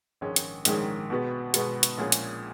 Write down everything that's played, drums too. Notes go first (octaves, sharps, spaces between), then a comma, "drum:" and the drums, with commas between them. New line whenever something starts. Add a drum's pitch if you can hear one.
A#1 G#2 D#3 G#3 C#4
drum: hi-hat
A#1 G#2 D#3 G#3 C#4, drum: hi-hat
B2 G#3 B3 F#4
B2 G#3 B3 F#4, drum: hi-hat
drum: hi-hat
A#1 A#2 G#3 C#4 G#4
drum: hi-hat